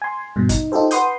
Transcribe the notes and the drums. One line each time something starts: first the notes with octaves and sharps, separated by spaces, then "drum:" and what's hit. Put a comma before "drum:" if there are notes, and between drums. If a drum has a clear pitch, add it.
G#5 C6
G2 B2
D#4, drum: kick, hi-hat
D#4 F4 G4 A4 C5
B4 F#5 C6 D#6 G6, drum: hi-hat